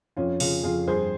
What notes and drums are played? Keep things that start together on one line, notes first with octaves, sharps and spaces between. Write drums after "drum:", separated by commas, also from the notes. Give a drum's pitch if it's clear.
F2 C#4 F4
C#3 F4 G#4, drum: open hi-hat
F2 F4 G#4
G2 G#4 C5